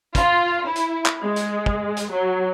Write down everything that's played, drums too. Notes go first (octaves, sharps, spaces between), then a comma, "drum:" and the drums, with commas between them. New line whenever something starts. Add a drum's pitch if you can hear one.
F4, drum: kick, hi-hat
E4
drum: hi-hat
drum: clap
G#3
drum: hi-hat
drum: kick
drum: hi-hat
F#3